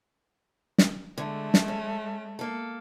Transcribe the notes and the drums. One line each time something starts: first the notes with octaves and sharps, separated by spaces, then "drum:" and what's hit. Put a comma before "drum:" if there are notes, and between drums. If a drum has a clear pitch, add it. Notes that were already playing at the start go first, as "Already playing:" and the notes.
drum: snare
D3 G#3 A3
drum: snare
C#4
A#3 A4